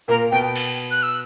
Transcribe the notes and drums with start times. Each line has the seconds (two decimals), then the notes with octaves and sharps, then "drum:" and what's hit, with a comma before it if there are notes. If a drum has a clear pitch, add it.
0.08 A#2 A#3 A#4
0.31 B2 B3 G5
0.55 drum: cymbal
0.91 F#6
1.03 E6